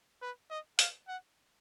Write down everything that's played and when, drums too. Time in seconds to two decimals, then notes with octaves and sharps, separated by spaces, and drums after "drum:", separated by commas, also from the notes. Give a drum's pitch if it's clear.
0.22 B4
0.50 D#5
0.79 F5, drum: hi-hat
1.08 F#5